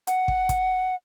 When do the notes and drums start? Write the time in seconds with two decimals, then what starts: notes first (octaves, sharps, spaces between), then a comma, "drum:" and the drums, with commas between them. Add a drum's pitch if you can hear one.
0.07 F#5, drum: hi-hat
0.28 drum: kick
0.49 drum: kick, hi-hat